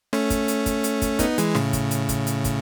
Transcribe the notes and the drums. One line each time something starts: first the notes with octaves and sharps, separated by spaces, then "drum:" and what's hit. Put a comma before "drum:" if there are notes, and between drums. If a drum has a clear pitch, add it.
A3 C#4, drum: rim click
drum: kick, hi-hat
drum: hi-hat
drum: kick, hi-hat
drum: hi-hat
drum: kick, hi-hat
B3 D#4, drum: kick, hi-hat
E3 G#3, drum: hi-hat
A2 C#3, drum: rim click
drum: kick, hi-hat
drum: hi-hat
drum: kick, hi-hat
drum: hi-hat
drum: kick, hi-hat